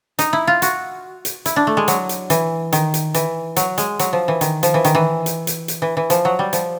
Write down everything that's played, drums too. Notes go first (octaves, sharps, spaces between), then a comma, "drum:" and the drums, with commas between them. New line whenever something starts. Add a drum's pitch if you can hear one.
D#4, drum: hi-hat
E4
F4
F#4, drum: hi-hat
drum: hi-hat
E4, drum: hi-hat
D4
A3
G#3
F#3, drum: hi-hat
drum: hi-hat
E3, drum: hi-hat
D#3, drum: hi-hat
drum: hi-hat
E3, drum: hi-hat
F#3, drum: hi-hat
G#3, drum: hi-hat
F#3, drum: hi-hat
F3
E3
D#3, drum: hi-hat
F3, drum: hi-hat
E3
D#3, drum: hi-hat
E3
drum: hi-hat
drum: hi-hat
drum: hi-hat
E3
E3
F3, drum: hi-hat
F#3
G3
F3, drum: hi-hat